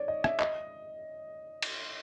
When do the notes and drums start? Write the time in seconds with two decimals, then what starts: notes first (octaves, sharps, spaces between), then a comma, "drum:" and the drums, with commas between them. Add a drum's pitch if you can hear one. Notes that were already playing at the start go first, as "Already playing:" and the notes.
Already playing: C#5 D5
0.08 D#5
0.24 E5, drum: rim click
0.40 D#5, drum: clap
1.62 drum: cymbal